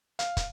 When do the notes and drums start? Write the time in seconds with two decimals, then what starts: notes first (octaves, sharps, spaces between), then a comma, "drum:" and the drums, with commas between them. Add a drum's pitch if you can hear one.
0.19 F5, drum: hi-hat
0.37 drum: kick, hi-hat